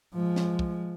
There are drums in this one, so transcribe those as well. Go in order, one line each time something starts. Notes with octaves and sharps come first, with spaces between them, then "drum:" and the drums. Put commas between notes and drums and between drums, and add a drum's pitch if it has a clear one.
F3 G#3
drum: snare
drum: kick